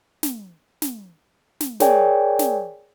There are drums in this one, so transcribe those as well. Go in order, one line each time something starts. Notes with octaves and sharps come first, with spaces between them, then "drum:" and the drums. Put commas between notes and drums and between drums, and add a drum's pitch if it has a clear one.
drum: snare
drum: snare
drum: snare
G#4 A#4 C#5 D5 G5 G#5, drum: snare
drum: snare